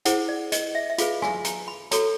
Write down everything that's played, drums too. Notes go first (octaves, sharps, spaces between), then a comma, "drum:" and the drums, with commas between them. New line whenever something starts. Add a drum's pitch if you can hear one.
E4 G#4 C5 F#5, drum: hi-hat
D5
D#5, drum: hi-hat
E5
E5
F4 G#4 B4 F5, drum: hi-hat
G#5, drum: rim click
A#5, drum: hi-hat
B5
F#4 A4 C#5 A#5, drum: hi-hat